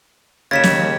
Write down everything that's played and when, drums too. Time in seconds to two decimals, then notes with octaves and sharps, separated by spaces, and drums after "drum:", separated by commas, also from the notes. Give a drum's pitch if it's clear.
0.51 D#2 C#3 G#6 A6 B6 E7
0.63 drum: snare